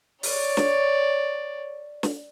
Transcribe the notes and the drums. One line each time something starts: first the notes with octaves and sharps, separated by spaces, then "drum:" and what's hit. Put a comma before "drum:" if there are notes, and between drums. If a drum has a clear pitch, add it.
C#5 D5, drum: open hi-hat
drum: snare
drum: snare